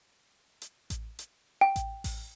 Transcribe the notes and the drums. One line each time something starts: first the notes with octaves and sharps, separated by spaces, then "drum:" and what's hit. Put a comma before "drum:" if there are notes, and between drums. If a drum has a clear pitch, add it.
drum: hi-hat
drum: kick A1, hi-hat
drum: hi-hat
G5
drum: kick A1, hi-hat
drum: kick A1, open hi-hat